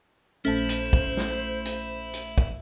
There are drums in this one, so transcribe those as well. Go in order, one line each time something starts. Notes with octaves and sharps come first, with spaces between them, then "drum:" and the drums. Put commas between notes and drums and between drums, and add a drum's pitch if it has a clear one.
A#1 A3 C#4 E4 C5 E5 A5
drum: hi-hat
drum: kick
drum: snare
drum: hi-hat
drum: hi-hat
drum: kick